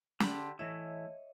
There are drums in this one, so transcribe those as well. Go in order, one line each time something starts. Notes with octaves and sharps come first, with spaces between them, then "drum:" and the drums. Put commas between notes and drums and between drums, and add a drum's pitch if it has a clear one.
D3 G4 A5 B5 C6, drum: snare
E3 A3 E4 C#5 D#5 E5